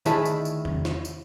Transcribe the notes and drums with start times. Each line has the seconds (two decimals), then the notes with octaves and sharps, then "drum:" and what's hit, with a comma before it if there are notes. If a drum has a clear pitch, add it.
0.06 D2 D#3 E4 G#4 E5 A5, drum: tambourine
0.25 drum: tambourine
0.45 drum: tambourine
0.65 drum: tom
0.85 drum: snare
1.05 drum: tambourine